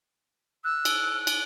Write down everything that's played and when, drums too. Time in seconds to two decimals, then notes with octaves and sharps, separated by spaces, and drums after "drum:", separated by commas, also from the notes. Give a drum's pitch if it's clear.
0.64 E6 F#6
0.85 drum: cymbal
1.27 drum: cymbal